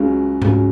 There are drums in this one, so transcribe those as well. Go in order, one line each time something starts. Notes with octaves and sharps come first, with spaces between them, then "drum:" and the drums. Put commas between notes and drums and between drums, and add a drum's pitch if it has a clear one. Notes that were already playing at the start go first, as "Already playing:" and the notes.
Already playing: C#2 C#3 F#3
C#2 C#3 F#3, drum: tom G#2